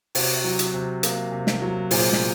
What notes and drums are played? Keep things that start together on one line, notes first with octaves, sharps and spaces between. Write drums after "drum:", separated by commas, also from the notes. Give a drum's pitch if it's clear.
C3 F#4, drum: open hi-hat
F#3
drum: hi-hat
C3
A#3, drum: hi-hat
C3
drum: snare
F#3
A#2 G#4 C5, drum: open hi-hat
drum: snare